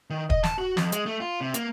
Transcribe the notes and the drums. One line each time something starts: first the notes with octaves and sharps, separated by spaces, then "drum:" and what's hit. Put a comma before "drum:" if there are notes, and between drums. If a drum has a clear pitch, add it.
D#3
D#5, drum: kick
A5, drum: snare
F#4
F2, drum: snare
G#3, drum: hi-hat
A3
F4
C3
A#3, drum: hi-hat